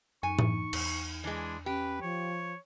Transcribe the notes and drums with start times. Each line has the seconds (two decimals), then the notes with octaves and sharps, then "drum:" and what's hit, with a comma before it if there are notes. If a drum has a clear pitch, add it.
0.23 F#2 D#4 G#5 C#6
0.39 drum: tom A2
0.73 E2, drum: cymbal
1.24 E3 G#3 D4
1.66 C#4 G4 B4
2.02 F3 C#5